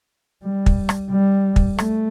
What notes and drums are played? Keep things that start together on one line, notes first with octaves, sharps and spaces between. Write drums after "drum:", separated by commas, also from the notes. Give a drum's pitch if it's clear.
G3
drum: kick
drum: rim click
G3
drum: kick
A3, drum: rim click